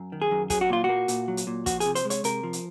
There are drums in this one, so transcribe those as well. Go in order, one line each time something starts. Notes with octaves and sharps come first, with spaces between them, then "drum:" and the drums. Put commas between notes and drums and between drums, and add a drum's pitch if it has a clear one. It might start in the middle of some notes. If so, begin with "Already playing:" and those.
Already playing: F#2
D#3
G#4
F#2
F#3 G#4, drum: kick, hi-hat
F#4
A#2 F4
F#4
A#3
A#2, drum: hi-hat
F#3
drum: hi-hat
A#2
F3 F#4, drum: kick, hi-hat
G#4, drum: hi-hat
C3
C5, drum: hi-hat
G#3
C#5, drum: hi-hat
C3 A#4, drum: hi-hat
F3
drum: hi-hat